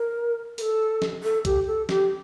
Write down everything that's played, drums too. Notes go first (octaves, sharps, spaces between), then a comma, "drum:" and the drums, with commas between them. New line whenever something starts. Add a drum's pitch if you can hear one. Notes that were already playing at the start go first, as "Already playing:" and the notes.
Already playing: A#4
A#4, drum: open hi-hat
A4
drum: snare
A4
G4, drum: kick, hi-hat
A4
G4, drum: snare